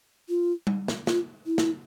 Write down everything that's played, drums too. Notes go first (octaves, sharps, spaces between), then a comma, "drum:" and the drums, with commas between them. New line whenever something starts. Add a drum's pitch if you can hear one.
F4
drum: tom G3
drum: snare
F4, drum: snare
E4
drum: snare